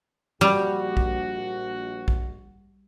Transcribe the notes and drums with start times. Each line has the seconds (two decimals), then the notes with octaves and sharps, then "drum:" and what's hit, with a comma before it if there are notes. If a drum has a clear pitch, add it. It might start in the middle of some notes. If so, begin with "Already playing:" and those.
0.41 A#1 G3 F#4
0.97 drum: kick A#1
2.08 drum: kick A#1